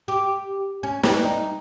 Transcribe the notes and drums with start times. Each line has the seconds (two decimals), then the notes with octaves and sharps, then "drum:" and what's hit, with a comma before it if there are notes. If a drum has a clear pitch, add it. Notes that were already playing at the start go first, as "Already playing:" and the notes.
0.08 G4
0.83 C#4
1.03 G3, drum: snare
1.24 D#4